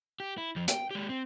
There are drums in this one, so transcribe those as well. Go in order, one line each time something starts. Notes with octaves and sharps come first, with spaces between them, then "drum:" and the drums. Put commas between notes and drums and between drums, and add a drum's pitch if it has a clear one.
G4
E4
F2 F3
G5, drum: hi-hat
G#3 G4
C4